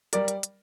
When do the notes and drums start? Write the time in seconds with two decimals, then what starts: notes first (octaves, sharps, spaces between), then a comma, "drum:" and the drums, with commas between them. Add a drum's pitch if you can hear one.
0.13 G3 A#4 D5, drum: hi-hat
0.28 drum: hi-hat
0.43 drum: hi-hat